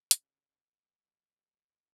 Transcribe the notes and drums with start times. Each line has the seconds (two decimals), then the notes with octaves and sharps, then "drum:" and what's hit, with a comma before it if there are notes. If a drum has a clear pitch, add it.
0.11 C#3, drum: hi-hat
0.82 G3